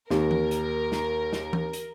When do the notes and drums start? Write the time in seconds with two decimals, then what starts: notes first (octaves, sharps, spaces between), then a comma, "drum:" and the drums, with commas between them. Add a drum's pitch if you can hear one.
0.10 D#2 A#4, drum: snare
0.31 drum: tom E3
0.51 drum: hi-hat
0.92 drum: snare
1.33 drum: snare
1.53 drum: tom E3
1.73 drum: hi-hat